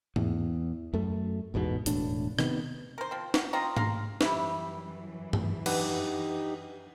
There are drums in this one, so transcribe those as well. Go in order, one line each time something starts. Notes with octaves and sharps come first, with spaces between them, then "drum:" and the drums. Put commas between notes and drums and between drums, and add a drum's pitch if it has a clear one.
E2, drum: tom G#2
F#2 A3
A1 E2 G#2 B2
E1 A2 D4, drum: hi-hat
C3 D#3 B3, drum: rim click
A#4 C5
F3 C4
F#3, drum: snare
C4 F4 D#5 A#5
F5 A#5 C6, drum: tom G#2
F#2 E3 G3 E4, drum: snare
drum: tom G2
D4 D#4 G4 B4 F#5, drum: cymbal